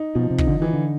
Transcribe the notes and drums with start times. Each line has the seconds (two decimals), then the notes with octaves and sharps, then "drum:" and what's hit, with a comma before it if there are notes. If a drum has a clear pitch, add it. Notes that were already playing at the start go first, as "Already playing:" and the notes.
Already playing: D#4
0.15 B2 F3
0.31 C3
0.38 D#4, drum: kick
0.47 D3
0.60 D#3 E3
0.73 D3